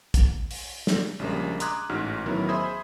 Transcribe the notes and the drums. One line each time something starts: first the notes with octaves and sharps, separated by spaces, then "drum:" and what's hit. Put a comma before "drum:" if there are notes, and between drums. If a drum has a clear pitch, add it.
drum: kick, hi-hat
drum: open hi-hat
drum: snare
A#1 C#3 G3 G#3 A#3
A#5 C6 D6 D#6 F#6 G#6, drum: hi-hat
A1 G#2 F#4 F6
A1 D#3 F#3 B3 E4 A#4
G#4 C5 E5 B5 D#6 G#6